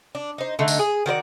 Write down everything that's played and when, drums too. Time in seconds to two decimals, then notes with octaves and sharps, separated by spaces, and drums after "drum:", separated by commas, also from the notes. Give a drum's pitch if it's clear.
0.15 D4
0.38 D#4 C5
0.59 D3 A3 D#4
0.68 drum: tambourine
0.79 G#4
1.06 D#3 F#4 C5 D5